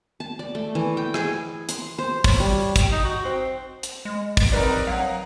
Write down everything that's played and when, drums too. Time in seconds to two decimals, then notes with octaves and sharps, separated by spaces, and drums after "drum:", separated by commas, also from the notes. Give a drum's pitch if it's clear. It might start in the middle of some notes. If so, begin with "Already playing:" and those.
0.20 A5
0.39 D5
0.55 A3
0.75 E3
0.97 G5
1.14 G#4, drum: rim click
1.69 C6, drum: hi-hat
1.98 C5
2.24 C#5, drum: kick, open hi-hat
2.40 G3
2.76 drum: kick, hi-hat
2.92 D#4
3.05 F#4
3.25 C4
3.83 drum: hi-hat
4.05 G#3
4.37 drum: kick, open hi-hat
4.52 A#1 C4 D#4 A#4 B4 D5
4.87 F#3 F5 F#5